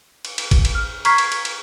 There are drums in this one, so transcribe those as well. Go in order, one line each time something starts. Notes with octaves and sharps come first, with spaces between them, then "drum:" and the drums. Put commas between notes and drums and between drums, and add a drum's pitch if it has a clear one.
drum: cymbal
drum: cymbal
drum: kick, cymbal
drum: cymbal
F6
A#5 C#6 F6 G#6 B6 C7, drum: cymbal
drum: cymbal
drum: cymbal
drum: cymbal